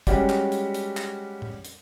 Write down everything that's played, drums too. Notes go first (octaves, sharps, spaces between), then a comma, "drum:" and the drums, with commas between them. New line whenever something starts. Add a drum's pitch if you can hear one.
G3 G#3 C#4 F#4 G4 D5, drum: kick, hi-hat
drum: clap
drum: hi-hat
drum: hi-hat
drum: clap
drum: tom
drum: hi-hat